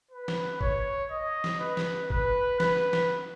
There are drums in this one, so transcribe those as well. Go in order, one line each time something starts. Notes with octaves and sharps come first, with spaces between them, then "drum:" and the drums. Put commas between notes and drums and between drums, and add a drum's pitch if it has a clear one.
B4
drum: snare
C#5, drum: kick
D#5
drum: snare
B4
drum: snare
B4, drum: kick
B4, drum: snare
drum: snare